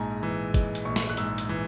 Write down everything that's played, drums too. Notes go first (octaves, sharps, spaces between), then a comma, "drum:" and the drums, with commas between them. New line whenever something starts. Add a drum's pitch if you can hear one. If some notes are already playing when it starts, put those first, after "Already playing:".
Already playing: A#1 G#2 G#3 G#5 A#5
E3
G#3, drum: kick, hi-hat
drum: hi-hat
A#1 C#6
drum: snare
F#6
G#2 E6, drum: hi-hat
drum: hi-hat
E3